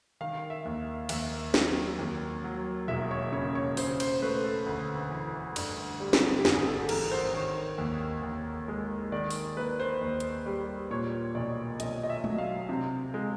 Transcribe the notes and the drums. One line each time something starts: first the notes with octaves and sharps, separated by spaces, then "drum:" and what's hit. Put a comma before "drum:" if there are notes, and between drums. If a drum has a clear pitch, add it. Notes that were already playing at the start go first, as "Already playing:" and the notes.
D#3 F5
E5
D#2
D#2 E5, drum: cymbal
F#3, drum: snare
D#2
F#3
E1 E5
C#5
C#3 C#5
C#5
C#3 C5, drum: open hi-hat
C5, drum: cymbal
A3 B4
A4
D2
E3
G2, drum: cymbal
G3
drum: snare
G4
G#1 G#4, drum: snare
A4
E3 A#4, drum: cymbal
C5
D#3 C#5
D#2
D#2
G#3
D#3 D5
drum: open hi-hat
A#3 B4
C5
D#2
drum: hi-hat
G3
A#2 C#5
B1 D5
B1 D#5, drum: hi-hat
D#5
E5
F#3, drum: tom G#3
F5
C3
G#3